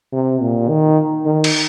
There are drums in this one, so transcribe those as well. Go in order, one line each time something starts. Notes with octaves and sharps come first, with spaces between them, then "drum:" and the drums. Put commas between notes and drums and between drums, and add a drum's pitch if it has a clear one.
C3
A#2
D#3
D#3
drum: cymbal